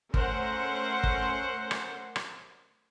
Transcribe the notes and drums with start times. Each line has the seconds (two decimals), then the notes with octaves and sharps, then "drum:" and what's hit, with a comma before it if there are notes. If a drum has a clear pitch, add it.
0.14 A3 C#4 A#4 C5 F#5, drum: kick
1.03 drum: kick
1.71 drum: rim click
2.16 drum: rim click